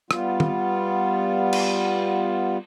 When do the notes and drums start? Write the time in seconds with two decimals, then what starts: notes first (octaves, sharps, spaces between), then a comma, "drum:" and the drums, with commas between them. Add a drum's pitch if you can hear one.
0.11 G3 B3 F4, drum: rim click
0.40 drum: tom
1.53 drum: cymbal